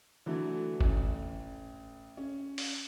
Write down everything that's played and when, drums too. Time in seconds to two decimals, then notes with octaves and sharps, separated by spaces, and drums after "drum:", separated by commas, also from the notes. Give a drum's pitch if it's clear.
0.26 D3 E3 F#3 A3
0.81 A1, drum: kick G1
2.17 C#4
2.58 drum: open hi-hat